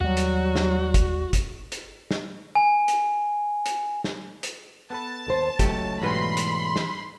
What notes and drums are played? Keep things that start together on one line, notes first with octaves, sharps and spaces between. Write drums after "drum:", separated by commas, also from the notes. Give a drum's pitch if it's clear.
D#2 F#3 G3 F#4
drum: hi-hat
drum: snare
drum: kick, hi-hat
drum: kick, hi-hat
drum: hi-hat
drum: snare
G#5
drum: hi-hat
drum: hi-hat
drum: snare
drum: hi-hat
B3 A4 B4 A5
D#2 A#4 C5
C#2 F#3 A3 G4 G5, drum: kick, hi-hat
B1 G#2 E3 G3 F#4 B4 B5 C6
drum: hi-hat
drum: snare